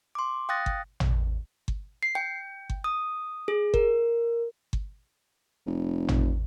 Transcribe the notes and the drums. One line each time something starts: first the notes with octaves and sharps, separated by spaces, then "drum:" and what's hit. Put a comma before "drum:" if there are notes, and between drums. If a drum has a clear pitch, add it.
C6 D6
F5 G5 D#6 F#6 A6 A#6
drum: kick G1
drum: tom
drum: kick G1
C7
G5
drum: kick G1
D#6
G#4
A#4, drum: kick G1
drum: kick G1
F1
drum: tom